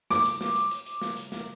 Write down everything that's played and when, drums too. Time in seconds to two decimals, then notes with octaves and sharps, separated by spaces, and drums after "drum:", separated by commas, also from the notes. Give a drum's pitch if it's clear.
0.10 D6, drum: snare
0.26 drum: hi-hat
0.41 drum: snare
0.56 drum: hi-hat
0.71 drum: hi-hat
0.86 drum: hi-hat
1.02 drum: snare
1.17 drum: hi-hat
1.32 drum: snare